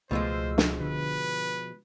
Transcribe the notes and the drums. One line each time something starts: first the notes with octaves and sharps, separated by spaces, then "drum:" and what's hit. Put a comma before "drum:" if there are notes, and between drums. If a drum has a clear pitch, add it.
C#2 B2 F3 G#3 A3 C5 E6
drum: snare
D3 B4